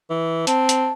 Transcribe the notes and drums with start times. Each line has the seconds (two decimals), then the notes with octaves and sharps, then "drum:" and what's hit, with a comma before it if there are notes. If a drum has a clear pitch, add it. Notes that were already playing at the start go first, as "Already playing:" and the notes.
0.10 E3
0.47 C4 A5, drum: hi-hat
0.69 drum: hi-hat